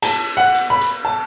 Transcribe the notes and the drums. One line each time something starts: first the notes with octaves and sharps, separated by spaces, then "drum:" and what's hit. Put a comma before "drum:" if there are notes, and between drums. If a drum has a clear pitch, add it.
A5, drum: cymbal
F#5
drum: hi-hat
B5
drum: hi-hat
A5